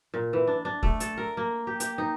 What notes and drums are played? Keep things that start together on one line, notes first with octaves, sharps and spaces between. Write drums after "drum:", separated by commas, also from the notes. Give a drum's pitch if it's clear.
A#2
E3
D4
D4
A3, drum: kick
A4, drum: hi-hat
A#4
A#3
G4
G4, drum: hi-hat
D#4